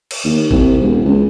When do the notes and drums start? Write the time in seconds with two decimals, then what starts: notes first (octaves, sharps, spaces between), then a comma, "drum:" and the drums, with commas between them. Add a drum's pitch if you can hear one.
0.11 drum: cymbal
0.25 D#2
0.51 C2, drum: kick
0.82 E1
1.04 C#2